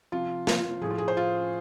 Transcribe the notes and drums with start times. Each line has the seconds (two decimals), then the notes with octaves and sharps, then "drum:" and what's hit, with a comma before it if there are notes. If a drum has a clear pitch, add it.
0.12 C3 F3 F4
0.47 F4, drum: snare
0.81 A2 F3 G#4
0.90 F4
0.98 G#4
1.08 C5
1.17 F4